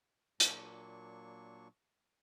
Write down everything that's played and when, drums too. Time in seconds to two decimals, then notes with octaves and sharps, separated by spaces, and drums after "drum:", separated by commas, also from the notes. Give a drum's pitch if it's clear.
0.40 A#2 F#3 A#3 D4 C#6, drum: hi-hat